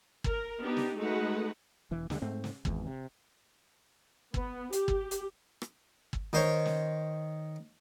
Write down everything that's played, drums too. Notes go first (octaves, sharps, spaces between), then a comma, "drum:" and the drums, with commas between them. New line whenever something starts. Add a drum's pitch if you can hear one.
A#4, drum: kick
B3 D4 D#4 G4
drum: snare
G#3 A3 D#4 F#4 B4 F#5
E1 E3
D2 D3 F3 G3, drum: snare
G#2 A3 C4
drum: snare
G#1 E2, drum: kick
C3
B3, drum: kick
G4, drum: hi-hat
drum: kick
drum: hi-hat
drum: rim click
drum: kick
D#3 C5 C#5
drum: snare